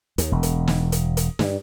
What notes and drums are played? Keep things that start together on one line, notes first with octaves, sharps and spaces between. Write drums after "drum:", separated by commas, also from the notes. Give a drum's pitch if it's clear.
D#2, drum: hi-hat
E1
drum: hi-hat
drum: snare
drum: hi-hat
drum: hi-hat
G2, drum: snare